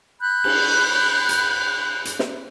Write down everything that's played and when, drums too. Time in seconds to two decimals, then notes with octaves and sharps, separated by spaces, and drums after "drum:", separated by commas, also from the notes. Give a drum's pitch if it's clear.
0.21 B5 F#6 G6
0.44 drum: cymbal
1.29 drum: hi-hat
2.05 drum: hi-hat
2.19 drum: snare